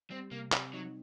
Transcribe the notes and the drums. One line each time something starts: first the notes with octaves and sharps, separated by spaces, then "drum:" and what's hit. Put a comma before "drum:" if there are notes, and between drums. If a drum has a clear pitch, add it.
G3 C4
C3 A#3
G3 C4, drum: clap
F#3 D#4